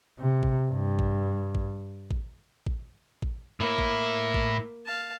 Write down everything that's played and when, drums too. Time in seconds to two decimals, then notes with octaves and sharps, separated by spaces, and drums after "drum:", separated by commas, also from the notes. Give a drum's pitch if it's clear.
0.19 C3
0.43 drum: kick A1
0.71 G2
0.99 drum: kick A1
1.55 drum: kick A1
2.11 drum: kick A1
2.66 drum: kick A1
3.22 drum: kick A1
3.60 A2 A#3 E4
3.78 drum: kick A1
4.34 drum: kick A1
4.85 F5 A5